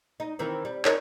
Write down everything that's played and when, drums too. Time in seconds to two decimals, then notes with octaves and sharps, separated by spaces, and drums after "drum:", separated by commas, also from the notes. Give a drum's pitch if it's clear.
0.20 D#4
0.39 D#3 E3 C4
0.65 G3
0.85 D#4 A#4 C#5, drum: clap